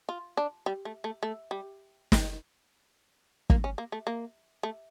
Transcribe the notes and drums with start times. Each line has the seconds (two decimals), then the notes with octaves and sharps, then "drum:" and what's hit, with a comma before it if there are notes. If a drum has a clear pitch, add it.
0.09 F4
0.37 D4
0.66 G3
0.85 A3
1.04 A3
1.23 A3
1.51 G3
2.12 drum: snare
3.50 A#3, drum: kick
3.64 C#4
3.78 A#3
3.92 A3
4.07 A#3
4.63 A3